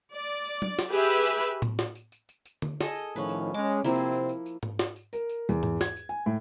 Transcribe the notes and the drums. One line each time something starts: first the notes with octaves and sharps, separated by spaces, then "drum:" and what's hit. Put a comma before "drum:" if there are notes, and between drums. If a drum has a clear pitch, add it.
D5
drum: tambourine
drum: tom F#3
drum: snare
G4 G#4 B4 E5 B5
drum: tambourine
drum: tambourine
drum: tom A2
drum: snare
drum: tambourine
drum: tambourine
drum: tambourine
drum: tambourine
drum: tom D3
G#4 A4 D#5, drum: snare
drum: tambourine
A2 D#3 F3 C#4 B4
drum: tambourine
G#3 C#4 D6
C3 F3 A#3 C4 E4
drum: tambourine
drum: tambourine
drum: tambourine
drum: tambourine
drum: tom G#2
drum: snare
drum: tambourine
A#4, drum: tambourine
drum: tambourine
E2, drum: tambourine
drum: tom G#2
G#6, drum: snare
drum: tambourine
G#5
A2